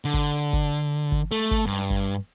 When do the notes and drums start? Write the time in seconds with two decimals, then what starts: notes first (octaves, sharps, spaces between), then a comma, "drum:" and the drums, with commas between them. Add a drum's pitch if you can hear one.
0.05 D3
0.14 drum: kick G1
0.53 drum: kick G1
1.12 drum: kick G1
1.31 A3
1.51 drum: kick G1
1.66 G2
1.90 drum: kick G1